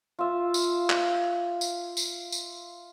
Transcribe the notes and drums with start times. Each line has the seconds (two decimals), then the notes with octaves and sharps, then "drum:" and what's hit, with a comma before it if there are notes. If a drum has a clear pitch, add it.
0.19 F4 E5
0.54 drum: tambourine
0.90 drum: clap
1.61 drum: tambourine
1.97 drum: tambourine
2.32 drum: tambourine